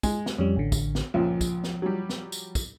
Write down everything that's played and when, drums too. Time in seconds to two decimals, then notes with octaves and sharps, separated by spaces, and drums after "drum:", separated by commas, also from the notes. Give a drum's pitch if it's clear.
0.03 G#3, drum: kick, tambourine
0.26 drum: snare
0.38 F2 G3 C#4
0.56 A1 D3
0.72 drum: kick, tambourine
0.95 drum: snare
1.14 C#2 A#2 F3
1.41 drum: kick, tambourine
1.64 drum: snare
1.82 F#3 G3
2.09 drum: snare
2.32 drum: tambourine
2.55 drum: kick, tambourine